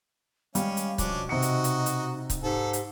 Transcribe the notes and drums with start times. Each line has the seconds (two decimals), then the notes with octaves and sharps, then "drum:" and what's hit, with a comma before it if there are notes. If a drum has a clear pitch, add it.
0.55 G3 G#3 C#4 F5, drum: hi-hat
0.77 drum: hi-hat
0.98 B2 F3 C#4 D4, drum: kick C#1, hi-hat
1.29 C3 D#4 F#4 D#5 C#7
1.42 drum: hi-hat
1.64 drum: hi-hat
1.86 drum: hi-hat
2.30 drum: kick C#1, hi-hat
2.43 G#2 G4 A4
2.73 drum: hi-hat